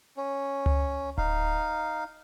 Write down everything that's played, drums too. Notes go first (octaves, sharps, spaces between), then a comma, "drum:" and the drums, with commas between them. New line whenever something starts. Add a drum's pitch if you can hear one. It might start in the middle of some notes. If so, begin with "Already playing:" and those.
C#4
drum: tom C#2
D#4 F5, drum: kick D1